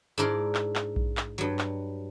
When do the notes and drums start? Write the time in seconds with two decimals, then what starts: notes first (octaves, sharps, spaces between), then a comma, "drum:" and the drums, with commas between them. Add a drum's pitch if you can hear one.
0.18 G#2 D4 E4 A#4 C6
0.55 drum: clap
0.76 drum: clap
0.96 drum: kick A#1
1.17 drum: clap
1.38 G2 F#3
1.59 drum: clap